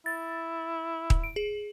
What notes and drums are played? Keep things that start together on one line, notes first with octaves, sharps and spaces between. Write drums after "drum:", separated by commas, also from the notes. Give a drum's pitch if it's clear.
E4 A6
drum: kick D#1
D7
G#4